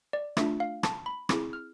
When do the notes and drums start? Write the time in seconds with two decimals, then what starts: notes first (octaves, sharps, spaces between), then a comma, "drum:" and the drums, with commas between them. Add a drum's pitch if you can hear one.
0.13 D5
0.37 A3 D4 F4 E5, drum: rim click
0.60 F5
0.83 A5, drum: rim click
1.06 B5
1.29 C4 E4 G#4 D6, drum: rim click
1.53 F6